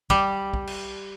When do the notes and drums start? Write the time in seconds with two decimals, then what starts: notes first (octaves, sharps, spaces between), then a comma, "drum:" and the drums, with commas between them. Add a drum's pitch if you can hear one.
0.10 G3 G4, drum: kick
0.54 drum: kick
0.67 drum: cymbal